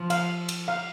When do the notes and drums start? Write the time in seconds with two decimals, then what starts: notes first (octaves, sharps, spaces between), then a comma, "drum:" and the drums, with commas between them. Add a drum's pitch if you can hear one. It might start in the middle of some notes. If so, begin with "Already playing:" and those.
Already playing: F3
0.10 F5, drum: cymbal
0.48 drum: cymbal
0.68 F5